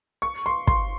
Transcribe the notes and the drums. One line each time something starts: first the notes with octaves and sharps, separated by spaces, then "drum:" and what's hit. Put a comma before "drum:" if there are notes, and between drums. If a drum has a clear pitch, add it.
C#6
C6
C6, drum: kick